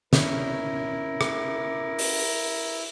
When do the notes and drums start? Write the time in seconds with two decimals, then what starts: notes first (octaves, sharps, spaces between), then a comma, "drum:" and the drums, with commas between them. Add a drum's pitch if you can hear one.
0.13 C#4 E4 A#4, drum: snare
1.21 drum: rim click
1.99 drum: open hi-hat